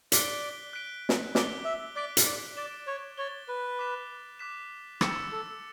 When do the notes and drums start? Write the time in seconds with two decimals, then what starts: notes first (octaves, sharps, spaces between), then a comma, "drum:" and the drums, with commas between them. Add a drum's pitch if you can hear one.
0.12 D5 F#6 B6 D7 G7, drum: hi-hat
0.73 F#6 B6 D7 G7
1.09 drum: snare
1.35 D5 D6 F#6 B6 D7 G7, drum: snare
1.64 E5
1.95 D5 D6 F#6 B6 D7 G7
2.17 drum: hi-hat
2.26 D5
2.57 D5 A6 E7 G7
2.87 C#5
3.17 C#5 A6 E7 G7
3.48 B4
3.79 D6 F#6 B6 E7
4.39 D6 F#6 B6 E7
5.01 G4 E6 A6 C#7 E7, drum: rim click
5.32 A4